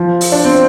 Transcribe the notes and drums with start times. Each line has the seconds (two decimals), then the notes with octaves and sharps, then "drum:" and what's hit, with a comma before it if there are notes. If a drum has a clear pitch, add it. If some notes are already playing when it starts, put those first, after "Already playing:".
Already playing: F3
0.21 drum: open hi-hat
0.32 D4
0.44 C4